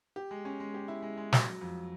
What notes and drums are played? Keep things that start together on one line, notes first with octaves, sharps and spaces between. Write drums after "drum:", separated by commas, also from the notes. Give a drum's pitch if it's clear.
G4
G#3
C#4
G#3
G4
E4
G#3
G#3
F#3, drum: snare
F#3
F2